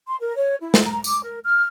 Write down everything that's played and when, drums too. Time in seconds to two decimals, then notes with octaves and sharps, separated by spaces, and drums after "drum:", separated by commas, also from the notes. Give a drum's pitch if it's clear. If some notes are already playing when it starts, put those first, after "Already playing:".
0.07 C6
0.21 A#4
0.35 C#5
0.61 E4
0.74 drum: snare
0.85 A#5
1.04 D6, drum: tambourine
1.23 A#4
1.43 F6